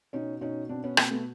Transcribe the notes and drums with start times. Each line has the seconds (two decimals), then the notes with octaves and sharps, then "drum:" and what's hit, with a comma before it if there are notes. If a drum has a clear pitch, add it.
0.13 B2 C#4 D#4
0.41 B2 C#4 D#4
0.69 B2 C4 D4
0.84 B3 C#4
0.97 B2 A#3 C4, drum: rim click
1.11 A3 B3